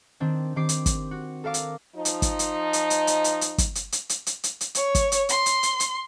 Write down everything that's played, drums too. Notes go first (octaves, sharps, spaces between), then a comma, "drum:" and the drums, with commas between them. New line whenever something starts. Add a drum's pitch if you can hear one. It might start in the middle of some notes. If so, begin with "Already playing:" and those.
D#3 C4 D4
D#3 C4 G4 D6 C7
drum: hi-hat
drum: kick, hi-hat
F#4
A4 A#4 F5 D6
drum: hi-hat
F3 D#4
drum: hi-hat
drum: kick, hi-hat
drum: hi-hat
drum: hi-hat
drum: hi-hat
drum: hi-hat
drum: hi-hat
drum: hi-hat
drum: kick, hi-hat
drum: hi-hat
drum: hi-hat
drum: hi-hat
drum: hi-hat
drum: hi-hat
drum: hi-hat
C#5, drum: hi-hat
drum: kick, hi-hat
drum: hi-hat
C6, drum: hi-hat
drum: hi-hat
drum: hi-hat
drum: hi-hat